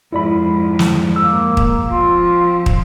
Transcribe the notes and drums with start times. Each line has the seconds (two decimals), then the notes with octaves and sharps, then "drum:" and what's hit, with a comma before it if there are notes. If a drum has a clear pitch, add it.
0.13 F2 G#2 E4 D5 B5
0.79 drum: snare
1.16 A#3 E6
1.57 drum: kick
1.88 F3 C4 F4
2.66 drum: kick